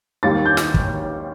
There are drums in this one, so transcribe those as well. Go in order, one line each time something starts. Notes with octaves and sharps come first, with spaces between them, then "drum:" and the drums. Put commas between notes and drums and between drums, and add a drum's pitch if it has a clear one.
D#2 D#3 G3 A#3 A6
G6
drum: snare
drum: kick